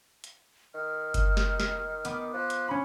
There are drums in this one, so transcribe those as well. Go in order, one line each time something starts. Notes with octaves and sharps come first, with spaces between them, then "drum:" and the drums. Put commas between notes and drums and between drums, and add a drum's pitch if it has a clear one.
drum: hi-hat
D#3 F6
drum: kick F#1, hi-hat
drum: snare
drum: snare
B3 D6, drum: hi-hat
F3 F#6
drum: hi-hat
C#4 B5